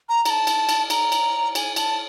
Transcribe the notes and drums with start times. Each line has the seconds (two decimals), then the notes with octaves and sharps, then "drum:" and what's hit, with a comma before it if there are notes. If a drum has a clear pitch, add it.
0.09 A#5
0.25 A#5, drum: cymbal
0.30 A5
0.47 drum: cymbal
0.69 drum: cymbal
0.90 A#5, drum: cymbal
1.12 drum: cymbal
1.55 G#5, drum: cymbal
1.76 A5, drum: cymbal